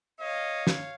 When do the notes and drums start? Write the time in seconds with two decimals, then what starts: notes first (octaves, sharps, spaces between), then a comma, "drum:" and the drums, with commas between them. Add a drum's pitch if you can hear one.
0.20 C#5 D#5 F5
0.67 drum: snare